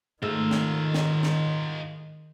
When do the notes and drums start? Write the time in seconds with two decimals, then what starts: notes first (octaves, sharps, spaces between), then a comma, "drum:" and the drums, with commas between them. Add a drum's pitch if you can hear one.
0.23 G#2 D#3 G#3 A3 D#4 F4 E6
0.51 drum: snare
0.94 drum: snare
1.23 drum: snare